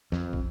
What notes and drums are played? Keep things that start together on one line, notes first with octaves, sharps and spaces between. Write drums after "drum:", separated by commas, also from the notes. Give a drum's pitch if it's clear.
F2, drum: snare
drum: kick